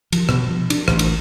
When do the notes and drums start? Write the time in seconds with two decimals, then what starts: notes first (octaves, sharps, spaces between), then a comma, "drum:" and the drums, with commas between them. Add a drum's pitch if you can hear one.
0.12 F3, drum: cymbal
0.29 B2, drum: rim click
0.49 F3
0.70 D4, drum: cymbal
0.88 A1, drum: rim click
0.99 drum: cymbal